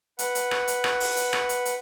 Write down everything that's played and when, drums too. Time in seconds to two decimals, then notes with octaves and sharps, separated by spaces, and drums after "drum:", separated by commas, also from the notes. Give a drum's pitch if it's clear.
0.19 B4 F#5, drum: hi-hat
0.35 drum: hi-hat
0.51 drum: rim click
0.68 drum: hi-hat
0.84 drum: rim click
1.00 drum: open hi-hat
1.16 drum: hi-hat
1.33 drum: rim click
1.49 drum: hi-hat
1.65 drum: hi-hat